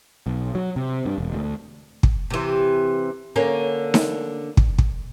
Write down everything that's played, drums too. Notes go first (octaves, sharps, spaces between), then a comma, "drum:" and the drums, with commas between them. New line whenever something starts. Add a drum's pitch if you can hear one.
B1
F#3
C3
G2
E1
D2
drum: kick
C3 E3
D3 A#3 C#4
drum: snare D#4
drum: kick
drum: kick